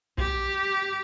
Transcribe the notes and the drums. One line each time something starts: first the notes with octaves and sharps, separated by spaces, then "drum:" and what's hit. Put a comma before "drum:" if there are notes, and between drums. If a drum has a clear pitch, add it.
G4, drum: kick A#1